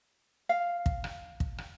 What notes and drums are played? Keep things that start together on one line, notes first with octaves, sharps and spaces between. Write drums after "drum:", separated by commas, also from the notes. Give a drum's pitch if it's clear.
F5
drum: kick
drum: rim click
drum: kick
drum: rim click